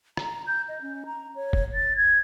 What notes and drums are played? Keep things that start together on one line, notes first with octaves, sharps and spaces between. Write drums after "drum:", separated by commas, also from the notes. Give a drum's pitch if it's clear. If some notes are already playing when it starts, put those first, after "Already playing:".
A#5, drum: rim click
G6
D#5
C#4
A#5
C#5
drum: kick F1
A6
G#6